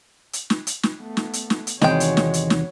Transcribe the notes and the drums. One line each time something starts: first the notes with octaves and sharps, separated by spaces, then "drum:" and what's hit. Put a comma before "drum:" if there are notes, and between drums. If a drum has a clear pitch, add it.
drum: hi-hat
drum: snare
drum: hi-hat
drum: snare
A3 B3
drum: snare
drum: hi-hat
drum: snare
drum: hi-hat
E2 C3 D#3 G#3 F#4 C#5 G5, drum: snare
drum: hi-hat
drum: snare
drum: hi-hat
drum: snare